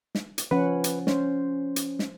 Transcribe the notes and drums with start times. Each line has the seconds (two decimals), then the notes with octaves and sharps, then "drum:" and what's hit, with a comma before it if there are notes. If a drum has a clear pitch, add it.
0.15 drum: snare
0.38 drum: hi-hat
0.51 F3 C#4 B4 F#5
0.84 drum: hi-hat
1.07 C#4 C5, drum: snare
1.76 drum: hi-hat
1.99 drum: snare